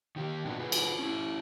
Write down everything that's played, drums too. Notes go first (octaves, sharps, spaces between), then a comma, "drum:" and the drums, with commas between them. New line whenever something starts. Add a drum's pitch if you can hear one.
D#3 G4
A#2 B3 D4 D#4 F#4
F4 F#4 G#4 B4
drum: cymbal
C#4 E4